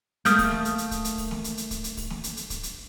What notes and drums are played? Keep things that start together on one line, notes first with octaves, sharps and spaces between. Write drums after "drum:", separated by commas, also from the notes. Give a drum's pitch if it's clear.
A3 A#3 D#6 F6 G6, drum: hi-hat
drum: kick, open hi-hat
drum: snare
drum: hi-hat
drum: hi-hat
drum: kick, hi-hat
drum: hi-hat
drum: kick, open hi-hat
drum: snare
drum: hi-hat
drum: hi-hat
drum: kick, hi-hat
drum: hi-hat
drum: kick, open hi-hat
drum: snare
drum: hi-hat
drum: hi-hat
drum: kick, hi-hat
drum: hi-hat